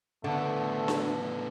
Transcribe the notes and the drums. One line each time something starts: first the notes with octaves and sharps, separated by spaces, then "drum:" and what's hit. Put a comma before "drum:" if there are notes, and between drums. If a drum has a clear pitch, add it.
A2 D3 A3 B3
drum: snare D4